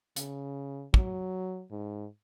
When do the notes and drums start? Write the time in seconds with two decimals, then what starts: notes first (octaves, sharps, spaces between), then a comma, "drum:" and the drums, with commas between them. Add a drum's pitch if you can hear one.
0.16 C#3, drum: hi-hat
0.94 F#3, drum: kick
1.71 G#2